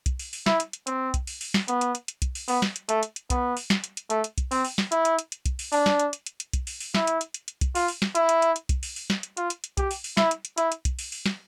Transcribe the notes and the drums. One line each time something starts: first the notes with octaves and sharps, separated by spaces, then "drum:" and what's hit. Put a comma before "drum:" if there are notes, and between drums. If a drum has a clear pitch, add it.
drum: kick, hi-hat
drum: open hi-hat
drum: open hi-hat
E4, drum: snare
drum: hi-hat
drum: hi-hat
C4, drum: hi-hat
drum: kick, hi-hat
drum: open hi-hat
drum: open hi-hat
drum: snare
B3, drum: hi-hat
drum: hi-hat
drum: hi-hat
drum: hi-hat
drum: kick, hi-hat
drum: open hi-hat
B3, drum: open hi-hat
drum: snare
drum: hi-hat
A3, drum: hi-hat
drum: hi-hat
drum: hi-hat
B3, drum: kick, hi-hat
drum: open hi-hat
drum: snare
drum: hi-hat
drum: hi-hat
A3, drum: hi-hat
drum: hi-hat
drum: kick, hi-hat
C4, drum: open hi-hat
drum: open hi-hat
drum: snare
E4, drum: hi-hat
drum: hi-hat
drum: hi-hat
drum: hi-hat
drum: kick, hi-hat
drum: open hi-hat
D4, drum: open hi-hat
drum: snare
drum: hi-hat
drum: hi-hat
drum: hi-hat
drum: hi-hat
drum: kick, hi-hat
drum: open hi-hat
drum: open hi-hat
E4, drum: snare
drum: hi-hat
drum: hi-hat
drum: hi-hat
drum: hi-hat
drum: kick, hi-hat
F4, drum: open hi-hat
drum: open hi-hat
drum: snare
E4, drum: hi-hat
drum: hi-hat
drum: hi-hat
drum: hi-hat
drum: kick, hi-hat
drum: open hi-hat
drum: open hi-hat
drum: snare
drum: hi-hat
F4, drum: hi-hat
drum: hi-hat
drum: hi-hat
G4, drum: kick, hi-hat
drum: open hi-hat
drum: open hi-hat
E4, drum: snare
drum: hi-hat
drum: hi-hat
E4, drum: hi-hat
drum: hi-hat
drum: kick, hi-hat
drum: open hi-hat
drum: open hi-hat
drum: snare